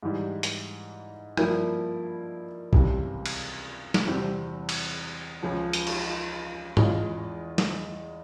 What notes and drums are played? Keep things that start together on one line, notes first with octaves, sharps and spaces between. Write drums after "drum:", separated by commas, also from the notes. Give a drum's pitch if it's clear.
G#2 E3 G3
drum: hi-hat
G2 F3 A#3 E4, drum: rim click
C#2 C3 E3 G3, drum: kick A#1
drum: cymbal
drum: snare
E2 C3 G3 C4 G4
drum: cymbal
C#2 C#3 F3
drum: hi-hat
drum: cymbal
E2 E3 G#3 C#4 F4, drum: tom
drum: snare